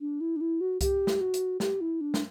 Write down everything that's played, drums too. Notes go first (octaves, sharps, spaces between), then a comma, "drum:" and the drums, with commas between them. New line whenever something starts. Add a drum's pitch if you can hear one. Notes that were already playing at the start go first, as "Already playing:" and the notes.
D4
E4
D4
E4
F#4
G4, drum: kick C2, hi-hat
drum: snare
F#4
drum: hi-hat
G4, drum: snare
E4
D4
drum: snare